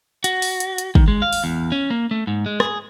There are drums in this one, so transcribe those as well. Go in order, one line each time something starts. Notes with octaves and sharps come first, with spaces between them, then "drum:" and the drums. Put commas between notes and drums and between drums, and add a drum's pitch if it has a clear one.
F#4, drum: hi-hat
drum: open hi-hat
drum: hi-hat
drum: hi-hat
D#3, drum: kick
G#3
F5
drum: open hi-hat
E2
C#4
A#3
A3
G#2
G#3
G#4, drum: rim click